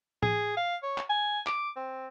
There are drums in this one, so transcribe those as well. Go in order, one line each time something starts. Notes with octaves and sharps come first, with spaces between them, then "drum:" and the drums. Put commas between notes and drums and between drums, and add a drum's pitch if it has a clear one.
G#4, drum: tom A2
F5
C#5
drum: clap
G#5
D6, drum: clap
C4